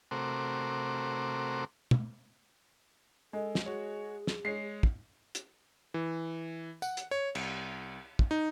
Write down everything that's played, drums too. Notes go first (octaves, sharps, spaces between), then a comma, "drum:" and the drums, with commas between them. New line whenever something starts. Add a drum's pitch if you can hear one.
C3 A3 F#4 A#4 C5 D6
drum: tom
G#3 A4
drum: snare
F#4 G#4 C#5
drum: snare
G#3 C#5 C7
drum: kick
drum: hi-hat
E3
F#5, drum: tambourine
drum: hi-hat
C#5
C2, drum: cymbal
drum: kick
D#4